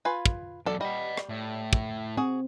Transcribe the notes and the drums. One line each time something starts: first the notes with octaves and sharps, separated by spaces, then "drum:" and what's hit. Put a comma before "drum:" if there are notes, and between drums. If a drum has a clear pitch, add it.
F4 B4 G#5
drum: kick
E2 F#3 A4 D5
G3 D#5 F#5
drum: rim click
A2
drum: kick
C4 F#4 G#4